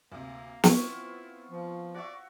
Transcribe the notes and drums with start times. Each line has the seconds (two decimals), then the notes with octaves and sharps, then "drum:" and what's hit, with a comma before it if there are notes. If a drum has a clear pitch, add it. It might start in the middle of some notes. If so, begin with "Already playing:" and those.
0.12 D2 C3 A#3
0.64 B3 C4 E4 F4 C#6, drum: snare
1.50 F3
1.94 F#4 C#5 D5 E5